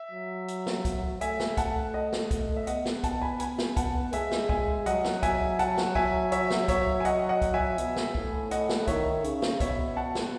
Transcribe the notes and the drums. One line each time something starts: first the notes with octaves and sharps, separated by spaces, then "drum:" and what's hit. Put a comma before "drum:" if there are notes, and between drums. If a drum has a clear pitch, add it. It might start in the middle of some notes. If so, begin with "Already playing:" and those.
Already playing: E5
F#3
drum: hi-hat
drum: snare
drum: kick, hi-hat
A3 E5 G#5, drum: hi-hat
drum: snare
F#5 A5, drum: kick, hi-hat
D#5 F#5
drum: snare
drum: kick, hi-hat
E5
B3 D#5 F#5, drum: hi-hat
drum: snare
F#5 A5, drum: kick, hi-hat
G#5 B5
G#5 B5, drum: hi-hat
drum: snare
F#5 A5, drum: kick, hi-hat
G#3 E5 G#5, drum: hi-hat
drum: snare
E5 G#5, drum: kick
F#3 D#5 F#5, drum: hi-hat
drum: snare
E5 G#5, drum: kick, hi-hat
F#5 A5, drum: hi-hat
drum: snare
E5 G#5, drum: kick
C#5 E5, drum: hi-hat
drum: snare
C#5 E5, drum: kick, hi-hat
G#5
D#5 F#5, drum: hi-hat
D#5 F#5
drum: kick, hi-hat
E5 G#5
B2, drum: hi-hat
drum: snare
A2, drum: kick
A2 D#5 F#5, drum: hi-hat
drum: snare
D#3 C#5 E5, drum: kick, hi-hat
C#3, drum: hi-hat
drum: snare
B2 C#5 E5, drum: kick, hi-hat
F#5 A5
drum: snare